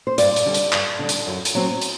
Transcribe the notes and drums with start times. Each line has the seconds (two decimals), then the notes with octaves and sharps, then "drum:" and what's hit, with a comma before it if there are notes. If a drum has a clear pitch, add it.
0.07 C5
0.18 G2 D5, drum: hi-hat
0.36 drum: hi-hat
0.45 D3 G3
0.54 drum: hi-hat
0.72 G2, drum: clap
0.99 D3 G3
1.09 drum: hi-hat
1.27 F#2
1.45 drum: hi-hat
1.55 F#3 C4
1.82 drum: hi-hat